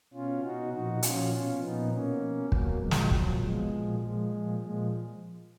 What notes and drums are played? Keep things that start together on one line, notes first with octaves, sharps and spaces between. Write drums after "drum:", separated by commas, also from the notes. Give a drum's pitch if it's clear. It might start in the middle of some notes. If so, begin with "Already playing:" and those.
B2 C#4 F4
B2 D#4 F#4
A#2 F3 D#4 F#4
A#2 F3 C#4 F4, drum: hi-hat
B2 C#4 F4
A#2 F3 B3 D#4
B2 A#3 C#4
B2
B2 F#3 A#3, drum: kick
A#2 F3 G#3
drum: snare
A#2 F3 F#3, drum: kick
B2 F3 G#3
A#2 F3
A#2 F3 G#3
A#2 F3
A#2 F3 G#3